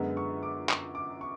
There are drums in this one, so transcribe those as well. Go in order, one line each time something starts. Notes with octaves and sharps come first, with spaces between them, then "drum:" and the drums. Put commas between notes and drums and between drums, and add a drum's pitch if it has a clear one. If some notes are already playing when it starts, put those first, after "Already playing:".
Already playing: F#2 D3 G#3 B3
C#6
D6
C#6, drum: clap
D6
C#6